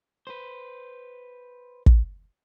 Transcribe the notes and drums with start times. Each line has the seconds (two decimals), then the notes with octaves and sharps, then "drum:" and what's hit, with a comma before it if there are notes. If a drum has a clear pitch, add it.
0.27 B4 C5
1.86 drum: kick